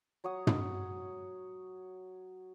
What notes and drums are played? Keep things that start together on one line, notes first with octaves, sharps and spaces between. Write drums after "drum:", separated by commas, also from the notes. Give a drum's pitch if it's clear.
F#3 C#5 F#5 D#6
drum: tom